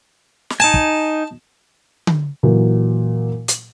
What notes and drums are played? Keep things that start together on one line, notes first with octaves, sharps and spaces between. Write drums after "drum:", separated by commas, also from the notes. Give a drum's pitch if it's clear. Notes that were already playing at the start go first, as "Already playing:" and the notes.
drum: snare
D#4 G#5 A5
drum: kick
drum: tom D3
A#2 E3 F#3
drum: hi-hat